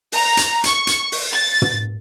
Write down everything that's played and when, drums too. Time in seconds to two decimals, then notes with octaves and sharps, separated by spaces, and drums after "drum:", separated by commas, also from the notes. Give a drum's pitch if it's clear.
0.12 A#5, drum: open hi-hat
0.37 drum: hi-hat
0.64 C#6, drum: hi-hat
0.87 drum: hi-hat
1.12 drum: open hi-hat
1.32 A6
1.62 drum: tom